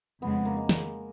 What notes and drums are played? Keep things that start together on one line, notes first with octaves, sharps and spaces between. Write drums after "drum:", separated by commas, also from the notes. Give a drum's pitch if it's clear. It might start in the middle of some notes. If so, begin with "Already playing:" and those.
F2 C#3 F3 G#3 B3
A#3
G#3
drum: snare